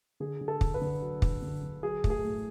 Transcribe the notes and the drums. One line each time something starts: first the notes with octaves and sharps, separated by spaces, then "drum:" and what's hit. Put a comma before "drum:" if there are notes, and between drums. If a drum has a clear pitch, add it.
D3 G#4
D3
A4
D3, drum: kick
B4
D3
F#3
D3, drum: kick
D3
D3
F#3 G#4
A3, drum: kick
G#4
A2